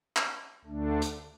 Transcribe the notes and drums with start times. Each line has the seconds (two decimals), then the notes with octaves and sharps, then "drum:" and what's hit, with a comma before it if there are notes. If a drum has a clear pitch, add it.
0.17 drum: clap
0.65 D2 D3 A3 D4
1.02 drum: hi-hat